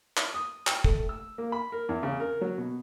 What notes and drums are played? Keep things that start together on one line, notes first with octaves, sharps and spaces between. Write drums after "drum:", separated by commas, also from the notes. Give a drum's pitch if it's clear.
drum: clap
D#6
G5, drum: clap
A3, drum: kick
E6
A#3
B5
A#4
E2
C#3
A#4
F#3
B2